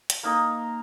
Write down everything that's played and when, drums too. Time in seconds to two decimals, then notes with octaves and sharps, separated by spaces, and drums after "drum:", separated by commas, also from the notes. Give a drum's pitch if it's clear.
0.10 drum: hi-hat
0.23 A#3 D#4 D#5 A#5